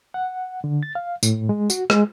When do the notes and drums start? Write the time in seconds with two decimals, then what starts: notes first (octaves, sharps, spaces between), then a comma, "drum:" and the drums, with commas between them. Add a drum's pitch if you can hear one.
0.14 F#5
0.64 D3
0.83 A6
0.95 F5
1.23 A2, drum: tambourine
1.49 G#3
1.70 F#4, drum: tambourine
1.90 G#3, drum: rim click